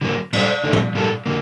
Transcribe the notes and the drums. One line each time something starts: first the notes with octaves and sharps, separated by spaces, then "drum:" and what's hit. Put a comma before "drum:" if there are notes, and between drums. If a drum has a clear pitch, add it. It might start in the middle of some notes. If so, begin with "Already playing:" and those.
D3 F#3 A#3
A#2 G3 D4 A4 C5, drum: cymbal
D3 A3 D#4
drum: tom
A#2 G3 A#3 D4 A4
D3 A#3